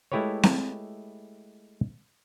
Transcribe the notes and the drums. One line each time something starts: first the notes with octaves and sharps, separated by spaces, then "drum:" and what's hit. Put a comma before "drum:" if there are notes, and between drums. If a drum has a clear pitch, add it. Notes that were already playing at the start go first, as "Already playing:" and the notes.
G#3 A3 E4 G4 B4 C#5
drum: snare C4